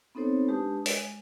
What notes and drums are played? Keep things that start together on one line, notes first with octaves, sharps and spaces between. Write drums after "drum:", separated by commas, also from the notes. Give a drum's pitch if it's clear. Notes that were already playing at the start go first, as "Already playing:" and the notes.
B3 C4 D#4 A4 C5 C#5
G#3 D4 G4 B4 A5 D#6
G#3 G#5, drum: open hi-hat